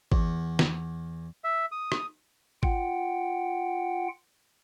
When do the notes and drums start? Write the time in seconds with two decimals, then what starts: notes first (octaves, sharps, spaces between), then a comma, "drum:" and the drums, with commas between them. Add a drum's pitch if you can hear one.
0.12 E2, drum: kick
0.59 drum: snare
1.44 E5
1.72 D#6
1.92 drum: rim click
2.63 F4 F#5 G5, drum: kick